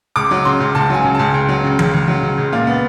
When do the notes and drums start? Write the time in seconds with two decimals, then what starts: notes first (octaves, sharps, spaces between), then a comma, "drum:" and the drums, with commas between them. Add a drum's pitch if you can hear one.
0.16 C#2 D6
0.31 F#3
0.45 C#3 C6
0.60 C#2
0.75 C#2 A5
0.90 F#3 G#5
1.04 C#3
1.14 C#2 A5
1.34 C#2 G5
1.49 F#3
1.64 C#3
1.79 C#2, drum: tom E3
1.93 C#2
2.08 F#3
2.23 C#3
2.38 C#2
2.52 A#2 F5
2.67 B3